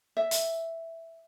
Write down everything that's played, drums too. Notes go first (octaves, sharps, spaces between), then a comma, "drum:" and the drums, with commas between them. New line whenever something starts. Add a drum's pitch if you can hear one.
E5
drum: hi-hat